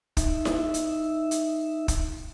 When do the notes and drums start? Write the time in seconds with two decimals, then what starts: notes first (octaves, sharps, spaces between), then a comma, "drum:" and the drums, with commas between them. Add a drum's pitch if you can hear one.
0.17 D#4 E5, drum: kick, hi-hat
0.45 drum: snare E4
0.74 drum: hi-hat
1.31 drum: hi-hat
1.88 drum: kick, hi-hat